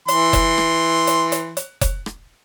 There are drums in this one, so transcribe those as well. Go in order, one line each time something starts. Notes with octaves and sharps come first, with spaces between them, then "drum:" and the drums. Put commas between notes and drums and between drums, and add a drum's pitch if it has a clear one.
E3 C6, drum: hi-hat
drum: kick F1, hi-hat
drum: rim click
drum: hi-hat
drum: hi-hat
drum: hi-hat
drum: kick F1, hi-hat
drum: rim click